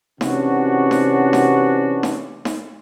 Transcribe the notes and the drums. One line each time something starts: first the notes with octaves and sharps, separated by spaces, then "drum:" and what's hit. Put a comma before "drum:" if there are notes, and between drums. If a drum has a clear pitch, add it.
C3 E3 C#4 D4 F#4, drum: snare D#4
drum: snare D#4
drum: snare D#4
drum: snare D#4
drum: snare D#4